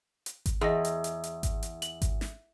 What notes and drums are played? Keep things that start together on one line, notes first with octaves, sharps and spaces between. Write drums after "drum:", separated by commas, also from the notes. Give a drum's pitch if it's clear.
drum: hi-hat
drum: kick G#1, hi-hat
E2 G#4 D#5
drum: hi-hat
drum: hi-hat
drum: hi-hat
drum: kick G#1, hi-hat
drum: hi-hat
F#7, drum: hi-hat
drum: kick G#1, hi-hat
drum: snare